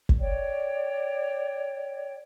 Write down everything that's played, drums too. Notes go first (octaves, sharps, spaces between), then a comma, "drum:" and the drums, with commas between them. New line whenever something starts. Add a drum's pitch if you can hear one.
drum: kick
C#5 D5 G5